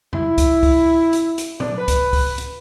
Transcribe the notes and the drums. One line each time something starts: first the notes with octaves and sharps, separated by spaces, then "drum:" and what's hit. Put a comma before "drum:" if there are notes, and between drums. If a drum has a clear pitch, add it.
E4, drum: tom E2
drum: kick, hi-hat
drum: kick, open hi-hat
drum: hi-hat
drum: hi-hat
D4, drum: tom A#2
B4
drum: kick, hi-hat
drum: kick, open hi-hat
drum: hi-hat